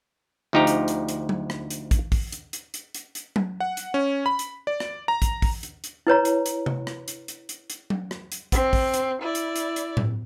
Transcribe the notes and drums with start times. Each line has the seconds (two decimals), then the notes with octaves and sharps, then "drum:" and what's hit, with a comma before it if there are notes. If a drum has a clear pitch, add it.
0.53 D2 F3 D#4 G4 A#5
0.67 drum: hi-hat
0.88 drum: hi-hat
1.08 drum: hi-hat
1.29 drum: tom F#3
1.50 drum: rim click
1.70 drum: hi-hat
1.91 drum: kick, hi-hat
2.12 drum: kick, open hi-hat
2.32 drum: hi-hat
2.53 drum: hi-hat
2.74 drum: hi-hat
2.94 drum: hi-hat
3.15 drum: hi-hat
3.36 drum: tom F#3
3.60 F#5
3.77 drum: hi-hat
3.94 C#4
4.26 B5
4.39 drum: hi-hat
4.67 D5
4.80 drum: rim click
5.08 A#5
5.22 drum: kick, hi-hat
5.42 drum: kick, open hi-hat
5.63 drum: hi-hat
5.84 drum: hi-hat
6.07 E4 B4 C#5 A#5
6.25 drum: hi-hat
6.46 drum: hi-hat
6.66 drum: tom C3
6.87 drum: rim click
7.08 drum: hi-hat
7.28 drum: hi-hat
7.49 drum: hi-hat
7.70 drum: hi-hat
7.90 drum: tom F#3
8.11 drum: rim click
8.32 drum: hi-hat
8.52 C4, drum: kick, hi-hat
8.73 drum: kick, open hi-hat
8.94 drum: hi-hat
9.21 E4 D5
9.35 drum: hi-hat
9.56 drum: hi-hat
9.76 drum: hi-hat
9.97 drum: tom A2